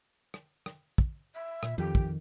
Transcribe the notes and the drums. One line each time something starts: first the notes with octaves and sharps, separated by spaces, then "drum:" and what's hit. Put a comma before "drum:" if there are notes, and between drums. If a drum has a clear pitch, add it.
drum: rim click
drum: rim click
drum: kick
E5
A#2, drum: rim click
F2 D#3 G4
drum: kick